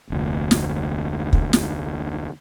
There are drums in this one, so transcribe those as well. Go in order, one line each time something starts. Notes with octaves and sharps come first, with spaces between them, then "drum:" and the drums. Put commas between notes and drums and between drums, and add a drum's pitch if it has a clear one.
F1 D2
drum: snare
drum: kick
drum: snare